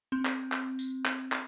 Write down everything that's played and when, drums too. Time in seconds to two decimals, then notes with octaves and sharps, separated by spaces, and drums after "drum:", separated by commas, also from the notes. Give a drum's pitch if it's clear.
0.12 C4
0.25 drum: clap
0.52 drum: clap
0.79 drum: tambourine
1.05 drum: clap
1.32 drum: clap